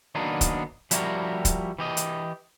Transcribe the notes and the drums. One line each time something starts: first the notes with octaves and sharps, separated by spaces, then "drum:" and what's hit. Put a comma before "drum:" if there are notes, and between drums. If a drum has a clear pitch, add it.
D#3 F#3 A#3 B3 D4 D#4
drum: kick, hi-hat
F3 G3 E4 F#4 G4 A#4, drum: hi-hat
drum: kick, hi-hat
E3 G4 D#5
drum: hi-hat